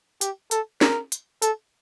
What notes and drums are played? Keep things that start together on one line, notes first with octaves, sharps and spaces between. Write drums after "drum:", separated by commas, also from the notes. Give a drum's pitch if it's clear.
G4, drum: hi-hat
A4, drum: hi-hat
A#4, drum: snare
drum: hi-hat
A4, drum: hi-hat